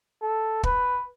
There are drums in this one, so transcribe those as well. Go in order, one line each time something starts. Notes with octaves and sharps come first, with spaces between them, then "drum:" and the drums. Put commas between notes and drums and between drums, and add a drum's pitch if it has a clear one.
A4
B4, drum: kick